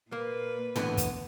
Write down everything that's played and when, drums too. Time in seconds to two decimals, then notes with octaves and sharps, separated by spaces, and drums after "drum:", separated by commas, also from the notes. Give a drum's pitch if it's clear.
0.12 A#2 A#3 B4
0.76 A2 D3 E3 B3, drum: tom
0.97 drum: kick, hi-hat